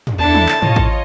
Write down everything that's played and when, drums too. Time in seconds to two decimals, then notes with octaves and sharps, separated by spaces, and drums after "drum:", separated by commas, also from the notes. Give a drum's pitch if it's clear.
0.07 drum: tom
0.19 E2 D4 E4 A4 A5
0.35 drum: tom
0.49 drum: clap
0.62 A2 F4 C#5 D#5, drum: tom
0.76 drum: kick A1